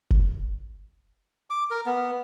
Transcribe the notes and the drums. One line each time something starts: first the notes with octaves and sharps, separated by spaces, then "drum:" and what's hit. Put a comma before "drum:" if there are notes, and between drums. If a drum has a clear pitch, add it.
drum: kick F#1
D6
A#4
B3